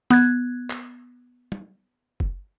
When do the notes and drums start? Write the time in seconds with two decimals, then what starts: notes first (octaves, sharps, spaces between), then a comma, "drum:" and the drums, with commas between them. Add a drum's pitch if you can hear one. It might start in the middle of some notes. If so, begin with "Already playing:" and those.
0.10 B3 F#6 G#6, drum: snare
0.70 drum: clap
1.52 drum: tom
2.20 drum: kick